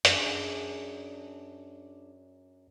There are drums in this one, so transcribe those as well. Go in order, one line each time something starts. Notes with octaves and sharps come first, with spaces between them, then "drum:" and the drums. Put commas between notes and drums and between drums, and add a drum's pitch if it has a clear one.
F#2 D4 G#4, drum: hi-hat